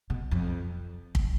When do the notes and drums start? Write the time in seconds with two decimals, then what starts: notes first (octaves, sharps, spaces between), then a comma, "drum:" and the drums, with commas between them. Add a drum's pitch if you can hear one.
0.10 B2
0.31 F2
1.15 drum: kick